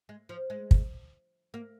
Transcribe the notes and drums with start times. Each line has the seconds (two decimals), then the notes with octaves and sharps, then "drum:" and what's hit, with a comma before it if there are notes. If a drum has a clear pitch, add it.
0.09 G#3
0.29 F3
0.50 G#3
0.71 drum: kick
1.54 A#3